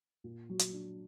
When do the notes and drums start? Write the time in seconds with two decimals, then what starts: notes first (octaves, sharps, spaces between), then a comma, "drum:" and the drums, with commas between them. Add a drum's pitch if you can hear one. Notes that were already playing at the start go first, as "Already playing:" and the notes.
0.24 A#2
0.49 F#3
0.59 drum: hi-hat
0.73 D4